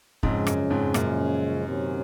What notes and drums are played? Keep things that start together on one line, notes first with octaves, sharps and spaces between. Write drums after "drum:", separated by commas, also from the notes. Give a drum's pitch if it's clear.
F2 G#2 C#3 F3 G#3 C#4, drum: kick
F#2, drum: rim click
F2 G#2
F#2 A#2, drum: rim click
C3 D#3 F#3 C#4